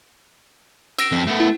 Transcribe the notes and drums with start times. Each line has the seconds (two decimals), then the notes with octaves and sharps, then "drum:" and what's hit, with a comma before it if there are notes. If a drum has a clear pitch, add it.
0.99 E6 A#6 D7, drum: cymbal
1.12 F2
1.27 A3 B3
1.40 E4